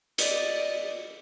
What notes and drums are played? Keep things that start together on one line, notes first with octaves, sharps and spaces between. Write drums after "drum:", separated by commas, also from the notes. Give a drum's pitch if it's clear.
D5 D#5, drum: hi-hat